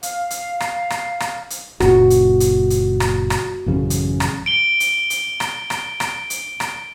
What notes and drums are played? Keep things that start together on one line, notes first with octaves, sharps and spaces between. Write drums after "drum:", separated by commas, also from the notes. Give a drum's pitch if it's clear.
F5, drum: hi-hat
drum: hi-hat
drum: rim click
drum: rim click
drum: rim click
drum: hi-hat
F#1 A#2 F#4, drum: rim click
drum: hi-hat
drum: hi-hat
drum: hi-hat
drum: rim click
drum: rim click
A1 F#2 C#3
drum: hi-hat
drum: rim click
D7 G7
drum: hi-hat
drum: hi-hat
drum: rim click
drum: rim click
drum: rim click
drum: hi-hat
drum: rim click